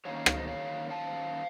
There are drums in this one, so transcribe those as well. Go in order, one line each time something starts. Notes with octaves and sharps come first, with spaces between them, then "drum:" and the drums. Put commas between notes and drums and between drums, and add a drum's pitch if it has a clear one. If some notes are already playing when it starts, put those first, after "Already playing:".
F#2 D#3 A#3 C#4 C#5 F5
C#5 F5
C#5 F5, drum: rim click
C5 D#5
C#5 F5
F5 A5